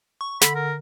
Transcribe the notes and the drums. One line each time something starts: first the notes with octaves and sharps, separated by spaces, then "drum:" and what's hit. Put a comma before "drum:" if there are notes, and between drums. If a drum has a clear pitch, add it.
C#6
D3 B5, drum: snare
A#4